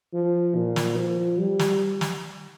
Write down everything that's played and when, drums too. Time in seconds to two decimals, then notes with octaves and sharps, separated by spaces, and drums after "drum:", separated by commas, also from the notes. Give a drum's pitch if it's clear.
0.13 F3
0.56 A#2
0.76 drum: snare
0.97 F3
1.39 G3
1.59 drum: snare
2.01 drum: snare